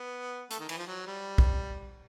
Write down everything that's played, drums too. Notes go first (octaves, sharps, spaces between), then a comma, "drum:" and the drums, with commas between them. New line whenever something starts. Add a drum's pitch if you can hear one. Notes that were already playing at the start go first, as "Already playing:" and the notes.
Already playing: B3
A3, drum: hi-hat
D#3
E3, drum: cymbal
F3
F#3
G3
drum: kick